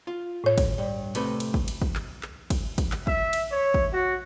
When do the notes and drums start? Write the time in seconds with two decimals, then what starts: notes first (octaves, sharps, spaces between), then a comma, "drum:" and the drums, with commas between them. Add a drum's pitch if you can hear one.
0.07 F4
0.44 A2 C#5
0.58 drum: kick, cymbal
0.78 G2
1.15 C3 A3 B4, drum: cymbal
1.40 drum: cymbal
1.54 drum: kick
1.68 drum: cymbal
1.82 drum: kick
1.95 drum: clap
2.23 drum: clap
2.50 drum: kick, cymbal
2.78 drum: kick, cymbal
2.92 drum: clap
3.07 E5, drum: kick
3.33 drum: cymbal
3.52 C#5
3.74 drum: kick
3.93 F#4